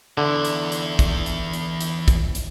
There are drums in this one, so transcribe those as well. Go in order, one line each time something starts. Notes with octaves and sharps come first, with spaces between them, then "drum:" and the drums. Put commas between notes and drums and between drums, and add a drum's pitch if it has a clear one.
E2 D3 E4
drum: hi-hat
drum: hi-hat
drum: kick, hi-hat
drum: hi-hat
drum: hi-hat
drum: hi-hat
drum: kick, hi-hat
drum: hi-hat